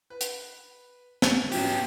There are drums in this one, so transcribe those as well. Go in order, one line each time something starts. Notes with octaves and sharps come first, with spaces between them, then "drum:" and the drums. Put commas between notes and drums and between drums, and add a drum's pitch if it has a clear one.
B4
drum: hi-hat
drum: snare
F#3 B3 C#4 G4, drum: open hi-hat